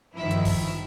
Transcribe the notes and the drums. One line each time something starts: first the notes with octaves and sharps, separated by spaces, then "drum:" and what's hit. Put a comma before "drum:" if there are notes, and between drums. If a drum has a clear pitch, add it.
G1 D#3 F3 E4 E5
drum: hi-hat
drum: kick, open hi-hat